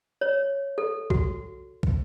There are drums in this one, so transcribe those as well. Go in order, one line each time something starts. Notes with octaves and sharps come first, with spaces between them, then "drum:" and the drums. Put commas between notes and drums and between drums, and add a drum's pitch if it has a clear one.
C#5
A4
F#4, drum: kick
drum: kick